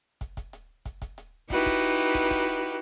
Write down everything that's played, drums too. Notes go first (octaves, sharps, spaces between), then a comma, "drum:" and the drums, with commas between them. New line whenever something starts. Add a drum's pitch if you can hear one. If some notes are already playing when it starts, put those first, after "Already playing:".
drum: kick, hi-hat
drum: kick, hi-hat
drum: hi-hat
drum: kick, hi-hat
drum: kick, hi-hat
drum: hi-hat
D#4 E4 F#4 G4 B4, drum: kick, hi-hat
drum: kick, hi-hat
drum: hi-hat
drum: kick, hi-hat
drum: kick, hi-hat
drum: hi-hat